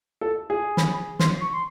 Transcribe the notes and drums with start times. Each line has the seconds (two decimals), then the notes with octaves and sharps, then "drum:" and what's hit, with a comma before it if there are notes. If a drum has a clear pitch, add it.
0.21 A4
0.50 G#4
0.77 B5, drum: snare
1.19 C6, drum: snare
1.41 C#6
1.53 C6